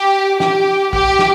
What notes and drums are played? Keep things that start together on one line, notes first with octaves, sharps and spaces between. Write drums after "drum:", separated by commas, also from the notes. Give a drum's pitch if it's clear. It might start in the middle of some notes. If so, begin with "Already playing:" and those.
Already playing: G4
G4, drum: snare
G4, drum: kick
drum: snare